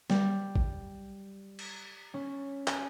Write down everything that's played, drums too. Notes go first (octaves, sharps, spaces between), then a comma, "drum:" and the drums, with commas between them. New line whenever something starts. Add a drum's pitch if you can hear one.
G3, drum: snare
drum: kick
drum: cymbal
C#4
G#5, drum: clap